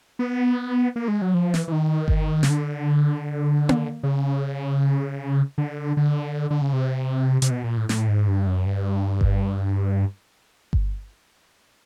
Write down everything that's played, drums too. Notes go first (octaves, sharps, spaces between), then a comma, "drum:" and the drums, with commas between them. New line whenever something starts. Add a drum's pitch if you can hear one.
B3
A#3
G#3
F#3
F3
E3, drum: snare
E3
D#3
drum: kick G1
C#3, drum: snare
D3
drum: tom A#3
C#3
D3
D3
D3
C#3
C3
C3, drum: hi-hat
B2
A#2
A2
A2, drum: snare
G#2
G2
F#2
G2
drum: kick G1
drum: kick G1